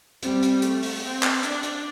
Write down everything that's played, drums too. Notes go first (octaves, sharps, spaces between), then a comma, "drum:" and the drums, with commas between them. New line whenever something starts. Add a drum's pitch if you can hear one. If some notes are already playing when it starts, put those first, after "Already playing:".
G3 C4, drum: hi-hat
drum: hi-hat
A3, drum: hi-hat
drum: open hi-hat
C4
drum: clap
D4, drum: hi-hat
drum: hi-hat